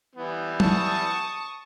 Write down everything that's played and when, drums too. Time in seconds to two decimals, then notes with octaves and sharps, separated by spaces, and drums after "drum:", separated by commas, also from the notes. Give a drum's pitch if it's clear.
0.15 E3 G3 B3
0.60 A5 C#6 D#6, drum: tom F#3